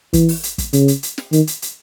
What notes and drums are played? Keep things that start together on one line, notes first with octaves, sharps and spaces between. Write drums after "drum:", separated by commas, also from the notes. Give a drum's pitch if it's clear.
E3, drum: kick, hi-hat
drum: open hi-hat
drum: hi-hat
drum: kick, hi-hat
C#3, drum: hi-hat
drum: hi-hat
drum: hi-hat
drum: snare
D#3, drum: hi-hat
drum: hi-hat
drum: hi-hat